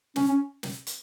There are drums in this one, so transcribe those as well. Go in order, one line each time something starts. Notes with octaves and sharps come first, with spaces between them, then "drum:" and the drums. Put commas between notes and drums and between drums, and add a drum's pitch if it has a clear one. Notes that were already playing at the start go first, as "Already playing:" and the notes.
C#4, drum: snare
C#4
drum: snare
drum: hi-hat